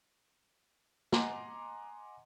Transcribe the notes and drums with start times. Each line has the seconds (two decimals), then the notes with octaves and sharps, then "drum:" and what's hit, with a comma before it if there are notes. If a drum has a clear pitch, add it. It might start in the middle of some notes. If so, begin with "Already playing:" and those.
1.12 D#5 F#5 G#5 A#5 C6 D6, drum: snare